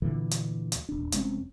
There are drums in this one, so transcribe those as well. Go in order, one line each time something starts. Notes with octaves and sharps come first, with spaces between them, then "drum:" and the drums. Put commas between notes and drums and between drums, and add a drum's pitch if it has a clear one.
D2 A#2 D3 E3
drum: hi-hat
drum: hi-hat
D#1 D4
F1 G#3 C4 C#4, drum: hi-hat